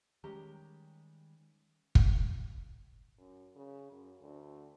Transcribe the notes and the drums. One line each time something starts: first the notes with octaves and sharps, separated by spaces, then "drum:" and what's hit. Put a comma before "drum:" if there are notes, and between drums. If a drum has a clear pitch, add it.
D#3 G3 G#3 C#4 G4 A#5
drum: kick
F#2
C#3
F#2
D2